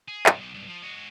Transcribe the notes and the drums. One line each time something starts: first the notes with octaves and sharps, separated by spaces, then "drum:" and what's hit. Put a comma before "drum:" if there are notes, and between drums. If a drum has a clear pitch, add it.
G#4
G2 C3, drum: clap
B1
B1 G2
F3
G#3 F#4